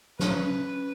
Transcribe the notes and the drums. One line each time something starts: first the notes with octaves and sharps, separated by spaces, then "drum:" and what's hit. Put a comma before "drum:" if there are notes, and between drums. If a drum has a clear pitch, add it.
C#4 B4, drum: snare